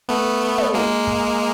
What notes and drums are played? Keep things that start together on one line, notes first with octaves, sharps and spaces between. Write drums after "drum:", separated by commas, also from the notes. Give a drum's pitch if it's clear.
A3 B3
drum: tom
G#3 A#3
drum: kick